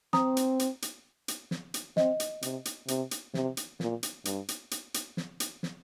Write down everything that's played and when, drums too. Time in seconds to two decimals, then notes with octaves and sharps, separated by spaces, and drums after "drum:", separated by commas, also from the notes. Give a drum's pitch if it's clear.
0.13 C4 A#5 D#6, drum: snare
0.37 drum: hi-hat
0.59 drum: hi-hat
0.82 drum: hi-hat
1.28 drum: hi-hat
1.51 drum: snare
1.74 drum: hi-hat
1.97 C4 D#5, drum: snare
2.20 drum: hi-hat
2.42 C3, drum: hi-hat
2.65 drum: hi-hat
2.88 C3, drum: hi-hat
3.11 drum: hi-hat
3.34 C3, drum: snare
3.57 drum: hi-hat
3.80 A#2, drum: snare
4.03 drum: hi-hat
4.25 G2, drum: hi-hat
4.48 drum: hi-hat
4.71 drum: hi-hat
4.94 drum: hi-hat
5.17 drum: snare
5.40 drum: hi-hat
5.63 drum: snare